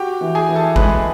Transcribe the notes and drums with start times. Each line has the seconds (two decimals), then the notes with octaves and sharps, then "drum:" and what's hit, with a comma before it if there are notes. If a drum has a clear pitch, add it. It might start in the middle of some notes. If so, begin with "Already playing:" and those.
Already playing: F#4 G4 G5
0.21 E3
0.35 G#4 G#5
0.49 E3
0.55 A4 A5
0.76 G#3 B4 B5, drum: kick G#1